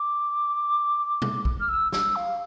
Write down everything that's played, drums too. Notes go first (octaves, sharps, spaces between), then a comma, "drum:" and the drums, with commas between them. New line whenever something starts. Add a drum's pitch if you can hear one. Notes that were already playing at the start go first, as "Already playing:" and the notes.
Already playing: D6
drum: tom B2
drum: kick
F6
E6
E6, drum: snare
F5